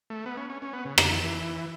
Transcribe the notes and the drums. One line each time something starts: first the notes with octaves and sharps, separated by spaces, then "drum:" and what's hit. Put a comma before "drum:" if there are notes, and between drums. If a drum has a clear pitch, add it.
A3
B3
C#4
C#4
C#4
B3
C#3
D3, drum: rim click
E3
E3